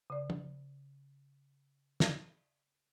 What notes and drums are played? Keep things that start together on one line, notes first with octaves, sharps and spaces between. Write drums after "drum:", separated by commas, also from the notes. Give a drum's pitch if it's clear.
C#3 D5
drum: tom
drum: snare